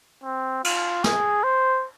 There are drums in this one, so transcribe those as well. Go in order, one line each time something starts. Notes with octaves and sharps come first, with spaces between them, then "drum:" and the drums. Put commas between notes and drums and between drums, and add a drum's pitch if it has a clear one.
C4
F4, drum: cymbal
G#4, drum: snare
C5